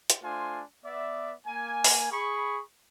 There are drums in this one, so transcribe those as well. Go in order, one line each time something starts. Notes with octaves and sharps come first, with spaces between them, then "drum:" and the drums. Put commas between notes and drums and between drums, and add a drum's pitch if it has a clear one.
drum: hi-hat
A3 D4 F4 C5 G#5 C6
B3 D5 E5
A#3 G#5
drum: open hi-hat
G#4 B5 C#6